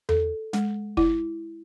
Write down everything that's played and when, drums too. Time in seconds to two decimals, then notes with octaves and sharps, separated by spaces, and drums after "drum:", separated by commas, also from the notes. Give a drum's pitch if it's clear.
0.09 A4, drum: tom E2
0.53 G#3, drum: snare
0.97 E4, drum: kick